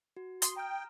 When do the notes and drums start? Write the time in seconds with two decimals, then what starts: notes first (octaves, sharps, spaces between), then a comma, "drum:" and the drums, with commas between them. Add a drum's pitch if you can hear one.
0.17 F#4
0.42 C6 D#6, drum: hi-hat
0.57 G5 A#5 F6